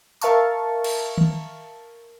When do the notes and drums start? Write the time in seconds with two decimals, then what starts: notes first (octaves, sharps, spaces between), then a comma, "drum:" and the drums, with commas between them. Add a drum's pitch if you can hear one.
0.21 A#4 E5 F5 A5 C#6, drum: tambourine
0.84 drum: cymbal
1.18 drum: tom D#3